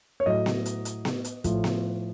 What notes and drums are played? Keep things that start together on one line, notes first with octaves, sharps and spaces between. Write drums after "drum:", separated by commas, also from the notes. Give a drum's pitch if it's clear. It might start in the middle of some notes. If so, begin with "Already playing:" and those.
C#5
A2 F#3 D#5
drum: snare B3
drum: hi-hat
drum: hi-hat
drum: snare B3
drum: hi-hat
A2 F3, drum: kick, hi-hat
drum: snare B3